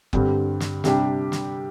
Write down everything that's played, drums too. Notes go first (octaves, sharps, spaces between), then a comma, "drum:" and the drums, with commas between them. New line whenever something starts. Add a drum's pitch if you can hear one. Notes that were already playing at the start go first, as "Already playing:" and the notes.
G2 D3 G3 C4, drum: kick F#1
drum: snare
C3 G3 D4 G4, drum: snare
drum: snare